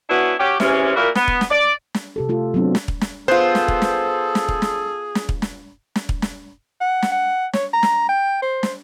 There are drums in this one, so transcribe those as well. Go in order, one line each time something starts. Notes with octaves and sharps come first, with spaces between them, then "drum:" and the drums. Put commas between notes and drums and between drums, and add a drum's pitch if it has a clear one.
B3 C#4 D4 E4 F#4
C#4 F#4 G4
C3 E3 G#3 C#4, drum: snare
A#2 A#3 E4 F#4 A#4
B3, drum: snare
drum: kick
drum: snare
D5
drum: snare
C3 G4 A4
A3 F4 A4
F#3 B3 C4 D4 E4
drum: snare
drum: kick
drum: snare
B3 F4 G#4 A4 C5
drum: snare
drum: kick
drum: snare
drum: snare
drum: kick
drum: snare
drum: snare
drum: kick
drum: snare
drum: snare
drum: kick
drum: snare
F#5
drum: snare
F#5
C#5, drum: snare
A#5
drum: snare
G5
C5
drum: snare